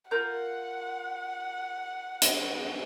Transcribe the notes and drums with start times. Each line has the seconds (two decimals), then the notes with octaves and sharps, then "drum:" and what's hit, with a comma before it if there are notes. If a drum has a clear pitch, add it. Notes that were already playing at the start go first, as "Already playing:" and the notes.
0.11 F4 A#4 F#5 G6
2.22 drum: hi-hat